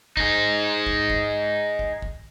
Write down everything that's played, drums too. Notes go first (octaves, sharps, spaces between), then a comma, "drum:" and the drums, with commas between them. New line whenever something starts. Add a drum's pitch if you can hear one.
D#4 G#4, drum: kick
drum: kick
drum: kick
drum: kick
drum: kick